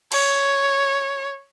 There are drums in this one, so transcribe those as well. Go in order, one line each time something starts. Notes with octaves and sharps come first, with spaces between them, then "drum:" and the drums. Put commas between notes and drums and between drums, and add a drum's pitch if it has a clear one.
C#5, drum: cymbal